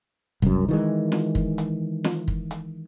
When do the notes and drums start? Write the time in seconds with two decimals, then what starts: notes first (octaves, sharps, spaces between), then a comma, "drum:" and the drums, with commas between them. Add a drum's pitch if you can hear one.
0.42 C2 F#2, drum: kick
0.69 D#3 E3 G#3
1.12 drum: snare
1.35 drum: kick
1.58 drum: hi-hat
2.04 drum: snare
2.28 drum: kick
2.51 drum: hi-hat